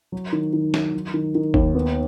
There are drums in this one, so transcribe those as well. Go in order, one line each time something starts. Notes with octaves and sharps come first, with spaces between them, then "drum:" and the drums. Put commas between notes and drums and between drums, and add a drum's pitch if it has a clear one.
F#3
D#3
D#3
F#3, drum: snare
F#3
D#3
D#3
D#2, drum: kick F#1
B3